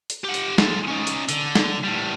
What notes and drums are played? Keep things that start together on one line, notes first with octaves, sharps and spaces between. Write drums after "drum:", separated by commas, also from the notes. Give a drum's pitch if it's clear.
drum: hi-hat
G4 F#5
drum: hi-hat
G#3 A4, drum: snare
C#4 D#4
drum: hi-hat
D3, drum: hi-hat
drum: snare
A2 G3